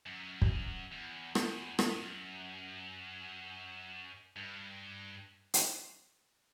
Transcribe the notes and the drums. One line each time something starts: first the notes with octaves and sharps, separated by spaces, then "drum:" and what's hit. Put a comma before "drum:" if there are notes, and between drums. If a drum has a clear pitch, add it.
F#2
drum: kick
E2
E2, drum: rim click
F#2, drum: rim click
G2
drum: hi-hat